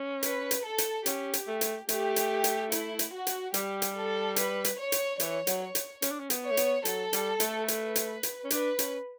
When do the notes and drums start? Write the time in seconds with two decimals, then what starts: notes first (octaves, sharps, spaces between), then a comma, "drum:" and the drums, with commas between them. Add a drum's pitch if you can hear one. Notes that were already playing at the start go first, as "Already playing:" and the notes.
Already playing: C#4
0.23 B4, drum: hi-hat
0.51 drum: hi-hat
0.65 A4
0.78 drum: hi-hat
1.06 C#4 G4, drum: hi-hat
1.33 drum: hi-hat
1.47 A3
1.61 drum: hi-hat
1.89 A3 G4, drum: hi-hat
2.16 drum: hi-hat
2.44 drum: hi-hat
2.72 E4, drum: hi-hat
2.99 drum: hi-hat
3.13 F#4
3.27 drum: hi-hat
3.54 G3 G4, drum: hi-hat
3.82 drum: hi-hat
3.96 A4
4.36 B4, drum: hi-hat
4.65 drum: hi-hat
4.79 C#5
4.92 drum: hi-hat
5.20 E3 C#5, drum: hi-hat
5.47 F#3, drum: hi-hat
5.61 C#5
5.75 drum: hi-hat
6.02 C#4, drum: hi-hat
6.11 D4
6.19 C#4
6.30 B3, drum: hi-hat
6.44 C#5
6.51 A3
6.57 B3, drum: hi-hat
6.85 F#3 A4, drum: hi-hat
7.13 G3, drum: hi-hat
7.40 A3, drum: hi-hat
7.68 B4, drum: hi-hat
7.96 drum: hi-hat
8.23 drum: hi-hat
8.44 C#4
8.50 D4 B4, drum: hi-hat
8.79 C#4, drum: hi-hat